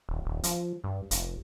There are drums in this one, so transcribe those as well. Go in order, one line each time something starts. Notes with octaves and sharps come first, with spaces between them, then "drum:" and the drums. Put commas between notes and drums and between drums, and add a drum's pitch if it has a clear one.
D#1
D#1
F3, drum: hi-hat
G2
F1, drum: hi-hat